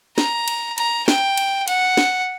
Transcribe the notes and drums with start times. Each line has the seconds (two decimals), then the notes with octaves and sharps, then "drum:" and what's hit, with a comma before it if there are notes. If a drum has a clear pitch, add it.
0.18 A#5, drum: snare
0.48 drum: cymbal
0.78 A#5, drum: cymbal
1.08 G5, drum: snare
1.37 drum: cymbal
1.68 F#5, drum: cymbal
1.97 drum: snare